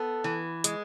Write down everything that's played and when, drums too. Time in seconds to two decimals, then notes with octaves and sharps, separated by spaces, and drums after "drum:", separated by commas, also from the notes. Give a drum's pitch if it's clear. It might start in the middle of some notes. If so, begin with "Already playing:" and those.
Already playing: B3 A4
0.24 E3
0.64 G#3, drum: hi-hat